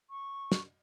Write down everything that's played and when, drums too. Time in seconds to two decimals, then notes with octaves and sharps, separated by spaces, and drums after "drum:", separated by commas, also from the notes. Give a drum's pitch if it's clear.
0.10 C#6
0.52 drum: snare